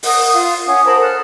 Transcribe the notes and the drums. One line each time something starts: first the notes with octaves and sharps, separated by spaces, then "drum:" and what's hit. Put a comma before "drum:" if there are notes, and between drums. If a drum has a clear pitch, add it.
A#4 F#5 D#6, drum: open hi-hat
F4 F5
C#4 F#5 D#6
A#4 C5 A5 B5
A4 F6 F#6